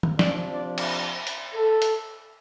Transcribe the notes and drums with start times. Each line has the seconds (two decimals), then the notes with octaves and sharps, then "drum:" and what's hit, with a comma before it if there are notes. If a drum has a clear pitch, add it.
0.03 drum: tom D#3
0.19 C3 F3 D4 D5, drum: snare
0.53 D5
0.78 drum: cymbal
0.87 C5
1.27 drum: hi-hat
1.55 A4
1.82 drum: hi-hat